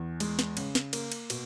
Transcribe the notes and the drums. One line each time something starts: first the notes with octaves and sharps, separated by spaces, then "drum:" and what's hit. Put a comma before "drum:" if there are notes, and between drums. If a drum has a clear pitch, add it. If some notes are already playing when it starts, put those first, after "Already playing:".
Already playing: E2
G#3, drum: cymbal
drum: snare
C#3, drum: cymbal
drum: snare
A#3, drum: cymbal
drum: cymbal
B2, drum: cymbal